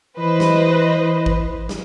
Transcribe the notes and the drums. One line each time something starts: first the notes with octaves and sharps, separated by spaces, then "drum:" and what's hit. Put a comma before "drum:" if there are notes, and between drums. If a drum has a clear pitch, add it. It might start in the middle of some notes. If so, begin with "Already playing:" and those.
E3 B4 C5 D#5
drum: snare
drum: kick G#1
drum: snare